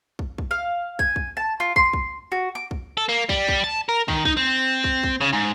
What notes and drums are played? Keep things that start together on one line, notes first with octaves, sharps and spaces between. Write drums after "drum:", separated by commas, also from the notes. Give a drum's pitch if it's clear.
drum: kick
drum: kick
F5
G#5, drum: kick
drum: kick
A5
F4
C6, drum: kick
drum: kick
F#4
D6
drum: kick
A4
A#3
G3, drum: kick
drum: kick
A5
A#4
D#3, drum: kick
D#4, drum: kick
C4
drum: kick
drum: kick
C#3
G#2